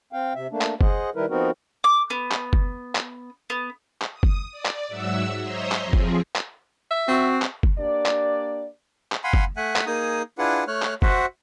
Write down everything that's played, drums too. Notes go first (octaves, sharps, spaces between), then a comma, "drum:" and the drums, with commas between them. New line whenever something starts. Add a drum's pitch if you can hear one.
C4 F5 G5
C3 E5
A3 A#3 D4
drum: clap
G#4 C5 D#5 F#5, drum: kick F#1
D#3 G3 E4 A#4 B4
F3 B3 C4 D#4 F#4 A#4
D6
B3
drum: clap
drum: kick F#1
drum: clap
B3
drum: clap
D#6
drum: kick F#1
D5
drum: clap
G#2 F#3 E5 F#5 E6
C5 C#5 D#5 E5 A#5 C6
drum: clap
F2 F3 C4 G#4
drum: kick F#1
drum: clap
E5
C4 F#4
drum: clap
drum: kick F#1
A#3 D4 G4 D5
drum: clap
drum: clap
F5 F#5 G#5 B5 C6
drum: kick F#1
A3 E5 F#5 G#5 F#6
drum: clap
A#3 D#4 G#4 G#5 D#6
D4 E4 F4 G#4 B4 F#5
A3 C#5 F6 F#6
drum: clap
F#4 C5 E5 F#5, drum: kick F#1